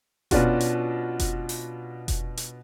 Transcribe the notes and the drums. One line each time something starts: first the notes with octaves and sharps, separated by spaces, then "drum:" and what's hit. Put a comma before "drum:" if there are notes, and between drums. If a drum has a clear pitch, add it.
B2 B3 C#4 D4 F4 F#4, drum: kick F1, hi-hat
drum: hi-hat
drum: kick F1, hi-hat
drum: open hi-hat
drum: kick F1, hi-hat
drum: hi-hat